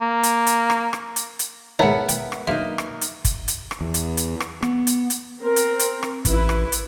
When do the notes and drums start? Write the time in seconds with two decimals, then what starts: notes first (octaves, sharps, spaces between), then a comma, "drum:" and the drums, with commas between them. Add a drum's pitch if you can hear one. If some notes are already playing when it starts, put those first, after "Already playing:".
0.01 A#3
0.23 drum: hi-hat
0.47 drum: hi-hat
0.70 drum: rim click
0.93 drum: rim click
1.16 drum: hi-hat
1.39 drum: hi-hat
1.79 G#2 D#3 B3 A#4 C#5 E5 F#5 A5
2.09 G5, drum: hi-hat
2.32 drum: rim click
2.47 F#2 A#3 D#4 F4 E5
2.78 drum: rim click
3.01 drum: hi-hat
3.25 drum: kick, hi-hat
3.48 drum: hi-hat
3.71 drum: rim click
3.81 E2
3.94 drum: hi-hat
4.17 drum: hi-hat
4.40 drum: rim click
4.62 B3, drum: rim click
4.87 drum: hi-hat
5.10 drum: hi-hat
5.41 C4 A#4
5.56 drum: hi-hat
5.79 drum: hi-hat
6.03 drum: rim click
6.25 A1 E4 B4, drum: kick, hi-hat
6.49 drum: rim click
6.72 drum: hi-hat